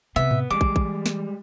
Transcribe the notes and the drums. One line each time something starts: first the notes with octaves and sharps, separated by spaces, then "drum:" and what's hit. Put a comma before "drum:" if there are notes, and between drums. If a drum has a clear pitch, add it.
C3 B3 E5
drum: tom G#2
E3 G3 G#3 D6
drum: kick
drum: kick
drum: snare